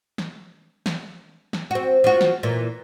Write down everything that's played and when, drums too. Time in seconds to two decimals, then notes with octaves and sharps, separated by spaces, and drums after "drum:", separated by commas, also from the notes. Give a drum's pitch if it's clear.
0.18 drum: snare
0.86 drum: snare
1.53 drum: snare
1.71 C4 F#4
2.04 F3 F#4
2.21 drum: snare
2.43 A#2 E3